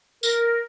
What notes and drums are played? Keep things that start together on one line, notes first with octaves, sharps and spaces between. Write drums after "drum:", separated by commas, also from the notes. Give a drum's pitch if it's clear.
A#4, drum: tambourine